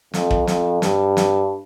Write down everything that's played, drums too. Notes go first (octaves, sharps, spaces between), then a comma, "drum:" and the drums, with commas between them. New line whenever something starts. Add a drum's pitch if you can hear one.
F2, drum: snare
drum: kick
F2, drum: snare
G2, drum: snare
drum: snare